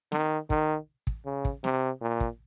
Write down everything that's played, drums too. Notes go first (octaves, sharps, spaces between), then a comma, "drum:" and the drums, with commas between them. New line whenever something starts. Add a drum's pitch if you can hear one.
D#3, drum: snare
D#3, drum: kick
drum: kick
C#3
drum: kick
C3, drum: snare
A#2
drum: kick